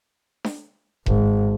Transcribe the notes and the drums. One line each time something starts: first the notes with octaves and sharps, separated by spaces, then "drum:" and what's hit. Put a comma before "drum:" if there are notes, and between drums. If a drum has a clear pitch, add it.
drum: snare D4
G#1, drum: kick E1